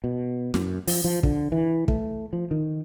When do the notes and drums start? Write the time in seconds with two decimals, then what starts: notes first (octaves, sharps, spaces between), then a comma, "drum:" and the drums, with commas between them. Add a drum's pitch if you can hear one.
0.04 B2
0.54 F#2, drum: snare
0.87 F3, drum: open hi-hat
1.04 F3
1.23 D3, drum: kick
1.52 E3
1.88 A3, drum: kick
2.33 F3
2.51 D#3